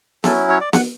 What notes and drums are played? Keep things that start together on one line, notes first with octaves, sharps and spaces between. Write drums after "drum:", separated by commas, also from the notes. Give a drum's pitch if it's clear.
F#3 C#4 E4 A4, drum: snare B3
C#5
D5
F#5, drum: snare B3